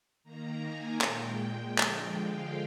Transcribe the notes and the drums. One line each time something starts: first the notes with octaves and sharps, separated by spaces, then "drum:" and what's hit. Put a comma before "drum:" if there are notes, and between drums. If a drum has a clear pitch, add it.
D#3 A#3 A#5
G#5
A#2 G#3 G5, drum: clap
G5
D3 F3 G#3 G5, drum: clap
F5